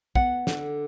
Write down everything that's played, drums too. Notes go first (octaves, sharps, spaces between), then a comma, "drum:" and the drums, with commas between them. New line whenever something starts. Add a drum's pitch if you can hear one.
B3 F#5, drum: kick
D3, drum: snare